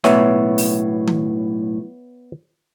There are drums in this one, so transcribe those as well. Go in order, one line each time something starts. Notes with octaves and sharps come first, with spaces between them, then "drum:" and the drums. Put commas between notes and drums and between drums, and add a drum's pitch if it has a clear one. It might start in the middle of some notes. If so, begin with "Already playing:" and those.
B1 A2 B3 C#5 E5 G#5, drum: snare
drum: open hi-hat
drum: tom D#3